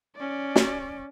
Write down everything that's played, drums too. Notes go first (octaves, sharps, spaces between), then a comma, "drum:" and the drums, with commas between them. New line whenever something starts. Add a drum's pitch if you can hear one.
C#4 D5
drum: snare